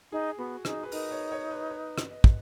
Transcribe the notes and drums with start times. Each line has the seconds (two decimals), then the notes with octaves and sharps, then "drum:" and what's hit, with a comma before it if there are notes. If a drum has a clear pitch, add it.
0.12 D#4 G#4
0.38 B3 F#4
0.65 D#4 G#4, drum: rim click
0.83 B4
0.92 D#4 A#4, drum: open hi-hat
1.11 C#5
1.32 C#5
1.51 B4
1.71 B4
1.98 drum: rim click
2.11 D#5
2.24 drum: kick